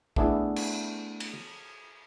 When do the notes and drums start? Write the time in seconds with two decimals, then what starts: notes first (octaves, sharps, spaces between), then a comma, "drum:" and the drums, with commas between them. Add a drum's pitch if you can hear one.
0.16 A3 B3 D4 E4 G#4 A4, drum: kick
0.56 drum: cymbal
1.20 drum: cymbal